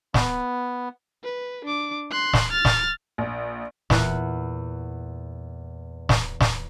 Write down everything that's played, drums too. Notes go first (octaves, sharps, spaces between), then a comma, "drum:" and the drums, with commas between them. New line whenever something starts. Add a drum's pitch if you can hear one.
B3, drum: snare
B4
D4 D6
C6 F#6
drum: snare
F6 A6
drum: snare
A#1
E2 A#2 E4 F#5 B5 F#6, drum: snare
drum: snare
drum: snare